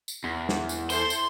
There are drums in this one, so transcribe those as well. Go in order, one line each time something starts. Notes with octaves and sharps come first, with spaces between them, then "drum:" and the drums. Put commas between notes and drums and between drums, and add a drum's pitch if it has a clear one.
drum: tambourine
E2
drum: snare
drum: tambourine
E4 A4 C5 C6, drum: tambourine
drum: tambourine